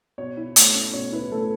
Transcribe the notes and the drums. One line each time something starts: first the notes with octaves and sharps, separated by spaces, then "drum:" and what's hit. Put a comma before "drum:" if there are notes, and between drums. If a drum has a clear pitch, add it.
B2 C#5
E4
A3 C#5, drum: hi-hat
C#4
B2 C#5
E4 B4
A3 A4